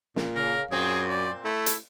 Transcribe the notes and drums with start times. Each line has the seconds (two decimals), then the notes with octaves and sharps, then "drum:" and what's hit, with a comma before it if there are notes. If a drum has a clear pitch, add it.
0.16 A#2, drum: snare
0.36 C#3 A#4
0.71 F#2 A#2 C4 G#4
1.09 D5
1.45 A3 E4
1.66 drum: hi-hat